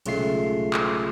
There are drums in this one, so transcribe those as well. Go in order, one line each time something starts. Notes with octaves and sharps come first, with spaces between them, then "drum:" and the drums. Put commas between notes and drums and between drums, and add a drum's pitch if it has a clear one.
B1 C#3 G#3 A3 F4 C7, drum: cymbal
drum: clap